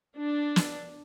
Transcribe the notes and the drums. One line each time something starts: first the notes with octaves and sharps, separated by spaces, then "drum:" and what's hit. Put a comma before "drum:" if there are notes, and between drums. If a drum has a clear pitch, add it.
D4
drum: snare